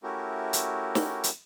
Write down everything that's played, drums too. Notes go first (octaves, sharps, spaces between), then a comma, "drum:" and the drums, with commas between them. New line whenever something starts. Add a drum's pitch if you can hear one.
A3 C#4 E4 F#4 G4 A#4
drum: hi-hat
drum: snare
drum: hi-hat